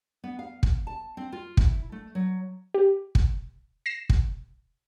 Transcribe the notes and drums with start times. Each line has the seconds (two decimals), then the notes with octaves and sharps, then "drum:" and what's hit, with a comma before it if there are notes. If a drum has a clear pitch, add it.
0.24 B3
0.39 F5
0.63 drum: kick
0.87 A5
1.17 C4
1.32 F4
1.57 E4, drum: kick
1.92 A3
2.15 F#3
2.74 G4
3.15 drum: kick
3.86 A#6 C7 E7
4.09 drum: kick